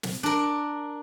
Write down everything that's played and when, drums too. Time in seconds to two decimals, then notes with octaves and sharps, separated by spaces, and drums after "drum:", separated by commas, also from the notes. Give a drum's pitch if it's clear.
0.03 drum: snare
0.23 D4 A#4